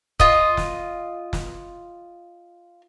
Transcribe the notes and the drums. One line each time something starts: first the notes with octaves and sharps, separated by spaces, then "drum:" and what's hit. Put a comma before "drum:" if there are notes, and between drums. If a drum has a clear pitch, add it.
F4 D#5, drum: kick
drum: snare
drum: snare